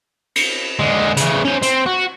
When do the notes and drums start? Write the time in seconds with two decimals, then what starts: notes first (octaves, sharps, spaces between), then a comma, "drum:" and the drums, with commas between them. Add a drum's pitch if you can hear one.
0.36 drum: cymbal
0.80 D3 G#3
1.17 C#3 E3, drum: hi-hat
1.45 C#4 C5
1.62 C4, drum: hi-hat
1.86 F#4